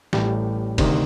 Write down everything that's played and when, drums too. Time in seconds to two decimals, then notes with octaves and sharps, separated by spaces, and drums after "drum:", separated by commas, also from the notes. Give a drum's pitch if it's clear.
0.13 A1 A2 G3, drum: snare
0.78 D2 C3 D#3, drum: kick, cymbal